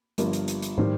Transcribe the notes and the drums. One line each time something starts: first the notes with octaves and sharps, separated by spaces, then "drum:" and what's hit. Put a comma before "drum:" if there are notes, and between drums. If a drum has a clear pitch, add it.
G1 G2 F3 A#4, drum: hi-hat
drum: hi-hat
drum: hi-hat
drum: hi-hat
D#3 G3 C5, drum: tom